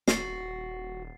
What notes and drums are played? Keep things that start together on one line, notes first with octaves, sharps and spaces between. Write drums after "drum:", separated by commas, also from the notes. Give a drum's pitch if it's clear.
D#1 F#4 A6 C7, drum: snare